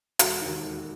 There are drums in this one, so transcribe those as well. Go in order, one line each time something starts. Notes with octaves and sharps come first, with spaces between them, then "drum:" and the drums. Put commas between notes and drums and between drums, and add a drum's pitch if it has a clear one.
E1 F#4 A4, drum: hi-hat
D#2 D#3
E1